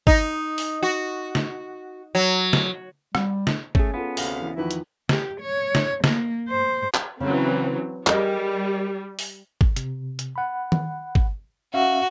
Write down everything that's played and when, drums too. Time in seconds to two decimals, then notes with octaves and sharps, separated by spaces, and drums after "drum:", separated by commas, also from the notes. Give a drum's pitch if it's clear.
0.07 D#4, drum: kick
0.58 drum: open hi-hat
0.83 F#4
1.35 drum: snare
2.15 F#3
2.53 drum: snare
3.15 G3, drum: rim click
3.47 drum: snare
3.75 A3 C#4 G#4, drum: kick
3.94 B3 F4 A4
4.17 D2 C3 F5 A#6, drum: open hi-hat
4.41 E3
4.57 E2 D#3 F3 E4 F#4 B4
4.71 drum: hi-hat
5.09 G4, drum: snare
5.40 C#5
5.75 drum: snare
6.04 A#3, drum: snare
6.49 C5
6.94 drum: clap
7.20 C#3 E3 F#3 C4
8.07 G3 G#4 A#4 D#5, drum: clap
9.19 drum: open hi-hat
9.61 drum: kick
9.76 C3, drum: hi-hat
10.19 drum: hi-hat
10.36 F#5 B5
10.72 drum: tom D#3
11.15 drum: kick
11.74 C#4 F#4 E5 F5